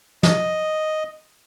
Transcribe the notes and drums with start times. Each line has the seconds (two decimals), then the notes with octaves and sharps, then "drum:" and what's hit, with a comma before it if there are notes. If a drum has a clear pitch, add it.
0.23 D#5, drum: snare